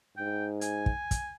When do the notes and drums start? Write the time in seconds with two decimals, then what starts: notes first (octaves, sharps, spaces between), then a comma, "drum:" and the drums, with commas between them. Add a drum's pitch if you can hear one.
0.17 G#2 G5
0.61 G#5, drum: hi-hat
0.86 drum: kick
1.11 drum: kick, hi-hat